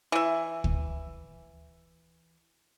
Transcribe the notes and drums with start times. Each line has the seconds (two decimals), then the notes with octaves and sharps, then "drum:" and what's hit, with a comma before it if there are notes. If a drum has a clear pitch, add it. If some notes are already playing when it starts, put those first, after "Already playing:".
0.12 E3 E5
0.64 drum: kick